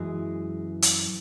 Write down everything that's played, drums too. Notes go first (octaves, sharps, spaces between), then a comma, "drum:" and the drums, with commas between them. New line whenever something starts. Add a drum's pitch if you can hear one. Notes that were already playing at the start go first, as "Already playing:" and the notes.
Already playing: F#2 E3 G#3
drum: hi-hat